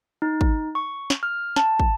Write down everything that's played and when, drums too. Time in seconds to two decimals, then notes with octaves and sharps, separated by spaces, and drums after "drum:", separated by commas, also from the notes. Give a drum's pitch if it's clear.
0.22 D#4
0.41 drum: kick
0.75 C#6
1.10 drum: snare
1.23 F6
1.56 A5, drum: snare
1.80 drum: kick